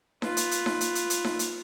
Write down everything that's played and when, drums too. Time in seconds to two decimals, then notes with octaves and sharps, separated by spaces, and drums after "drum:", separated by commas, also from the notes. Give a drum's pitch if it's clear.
0.22 F4 B4, drum: snare D#4
0.37 drum: hi-hat
0.51 drum: hi-hat
0.66 drum: snare D#4
0.81 drum: hi-hat
0.95 drum: hi-hat
1.10 drum: hi-hat
1.24 drum: snare D#4
1.39 drum: hi-hat